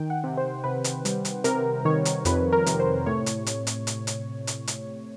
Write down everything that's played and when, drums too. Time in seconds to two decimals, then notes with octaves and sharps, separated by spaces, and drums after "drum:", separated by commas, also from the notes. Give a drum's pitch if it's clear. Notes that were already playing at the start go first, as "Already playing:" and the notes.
Already playing: D#3 G5
0.10 F#5
0.24 C3
0.37 C5
0.64 C3 B4
0.84 drum: hi-hat
1.05 G3, drum: hi-hat
1.25 drum: hi-hat
1.44 C3 A#4, drum: hi-hat
1.85 D#3 C#5
2.05 drum: hi-hat
2.25 F2 B4, drum: hi-hat
2.53 A#4
2.66 C3, drum: hi-hat
2.80 C5
3.06 A2 C#5
3.26 drum: hi-hat
3.47 drum: hi-hat
3.67 drum: hi-hat
3.87 drum: hi-hat
4.07 drum: hi-hat
4.47 drum: hi-hat
4.67 drum: hi-hat